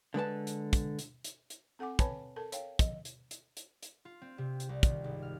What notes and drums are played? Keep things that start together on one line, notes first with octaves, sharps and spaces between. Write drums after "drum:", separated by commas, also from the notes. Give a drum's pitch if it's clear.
D3 G#3 B4 A5
drum: hi-hat
drum: kick, hi-hat
drum: hi-hat
drum: hi-hat
drum: hi-hat
C4 A4 F#5 G#5 D6
B4 C#5 G#5 A5 B5, drum: kick, hi-hat
A4 A#4 A5
C#5 F5 G5, drum: hi-hat
F3 D#5, drum: kick, hi-hat
drum: hi-hat
drum: hi-hat
drum: hi-hat
drum: hi-hat
F4
C4
C3
drum: hi-hat
C2
D#3, drum: kick, hi-hat
G#1
F6